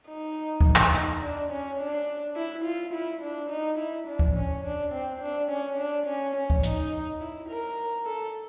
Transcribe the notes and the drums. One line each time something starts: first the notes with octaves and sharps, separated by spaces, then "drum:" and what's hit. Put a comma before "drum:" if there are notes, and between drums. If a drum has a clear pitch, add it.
D#4
drum: kick D2
drum: clap
D#4, drum: hi-hat
D4
C#4
D4
E4
F4
E4
D4
D#4
E4
D4
drum: kick D2
C#4
D4
C4
D4
C#4
D4
C#4
C#4
drum: kick D2
D#4, drum: hi-hat
E4
A#4
A4